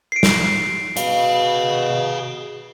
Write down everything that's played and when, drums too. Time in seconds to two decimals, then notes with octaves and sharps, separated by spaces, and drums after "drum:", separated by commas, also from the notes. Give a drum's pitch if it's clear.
0.12 C7 D7
0.23 drum: snare
0.97 B2 G#4 F5, drum: hi-hat